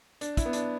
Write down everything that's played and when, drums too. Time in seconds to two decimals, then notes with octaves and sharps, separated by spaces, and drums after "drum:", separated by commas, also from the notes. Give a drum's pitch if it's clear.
0.21 D4, drum: hi-hat
0.37 E4, drum: kick, hi-hat
0.45 B3
0.53 D4, drum: hi-hat